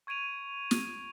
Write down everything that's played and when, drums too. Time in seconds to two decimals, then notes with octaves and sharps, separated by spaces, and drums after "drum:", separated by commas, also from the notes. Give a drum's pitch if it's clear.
0.07 C#6 G#6 D7 D#7 F7
0.71 drum: snare